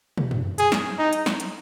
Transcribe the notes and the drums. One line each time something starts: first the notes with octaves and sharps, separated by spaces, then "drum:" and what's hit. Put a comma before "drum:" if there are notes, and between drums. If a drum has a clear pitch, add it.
drum: tom
drum: tom F#2
G#4, drum: hi-hat
drum: snare
D#4
drum: hi-hat
drum: snare
drum: hi-hat